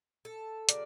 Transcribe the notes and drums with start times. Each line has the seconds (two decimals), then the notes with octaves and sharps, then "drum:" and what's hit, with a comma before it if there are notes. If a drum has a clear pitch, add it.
0.25 A4
0.69 C#3 F#3 A#3 D5, drum: hi-hat